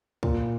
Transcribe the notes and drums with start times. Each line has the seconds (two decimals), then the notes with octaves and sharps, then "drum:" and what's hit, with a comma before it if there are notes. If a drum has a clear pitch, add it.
0.23 A#2, drum: kick